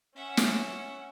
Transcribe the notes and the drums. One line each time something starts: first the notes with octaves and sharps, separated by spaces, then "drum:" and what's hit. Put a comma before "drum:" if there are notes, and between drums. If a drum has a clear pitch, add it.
C#4 E5 F#5
drum: snare